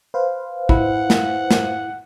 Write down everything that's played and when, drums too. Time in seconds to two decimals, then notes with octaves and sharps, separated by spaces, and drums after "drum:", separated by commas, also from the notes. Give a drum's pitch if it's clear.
0.14 B4 C5 F5
0.69 E4 F#5, drum: kick
1.10 drum: snare
1.51 drum: snare